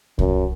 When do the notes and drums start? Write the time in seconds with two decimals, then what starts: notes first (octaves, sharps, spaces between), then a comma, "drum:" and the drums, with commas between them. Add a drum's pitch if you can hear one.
0.19 F#2, drum: kick C2